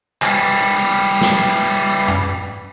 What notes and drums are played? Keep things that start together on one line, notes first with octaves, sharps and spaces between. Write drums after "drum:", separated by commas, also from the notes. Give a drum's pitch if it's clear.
E3 G3, drum: clap
drum: snare
drum: tom